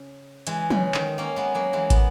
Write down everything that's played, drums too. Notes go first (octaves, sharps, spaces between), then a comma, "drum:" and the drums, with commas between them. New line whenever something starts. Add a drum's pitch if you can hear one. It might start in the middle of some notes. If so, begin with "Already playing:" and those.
Already playing: C#3
E3 G#3, drum: hi-hat
C#3 E3, drum: tom F3
D#3, drum: clap
A#3 C#4
G#3 B3
F#3 A#3
E3 G#3
G#3 B3, drum: kick, hi-hat